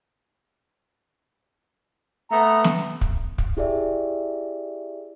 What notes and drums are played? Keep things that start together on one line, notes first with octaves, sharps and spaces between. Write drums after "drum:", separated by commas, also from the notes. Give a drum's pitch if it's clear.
A3 B3 A#5
drum: snare
drum: kick
drum: kick
E4 G4 G#4 D5 E5